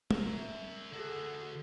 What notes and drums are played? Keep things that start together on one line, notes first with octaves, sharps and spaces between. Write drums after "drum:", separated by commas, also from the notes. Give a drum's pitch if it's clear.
A#4 E5, drum: tom
D3 F#4 G#4 A4